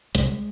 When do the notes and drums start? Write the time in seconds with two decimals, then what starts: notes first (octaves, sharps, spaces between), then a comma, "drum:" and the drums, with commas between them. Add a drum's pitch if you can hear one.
0.15 C2 G#3, drum: hi-hat